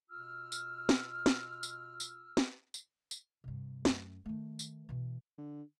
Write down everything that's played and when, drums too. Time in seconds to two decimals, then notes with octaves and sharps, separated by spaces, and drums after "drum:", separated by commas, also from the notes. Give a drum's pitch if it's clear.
0.10 B2 F4 E6 F6
0.52 drum: tambourine
0.89 drum: snare
1.26 drum: snare
1.63 drum: tambourine
2.00 drum: tambourine
2.37 drum: snare
2.74 drum: tambourine
3.11 drum: tambourine
3.44 G2 C3
3.85 F#2 A3, drum: snare
4.26 D#3 A3
4.59 drum: tambourine
4.89 B2 E3
5.38 D3